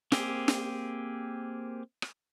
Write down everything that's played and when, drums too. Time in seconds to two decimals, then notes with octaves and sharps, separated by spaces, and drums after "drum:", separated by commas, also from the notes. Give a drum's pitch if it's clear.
0.12 A#3 C4 G4 G#4, drum: snare
0.48 drum: snare
2.02 drum: rim click